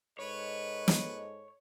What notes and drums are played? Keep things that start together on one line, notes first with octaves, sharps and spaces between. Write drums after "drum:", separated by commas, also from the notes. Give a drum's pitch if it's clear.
G#2 A4 B4 C#5 D#5
drum: snare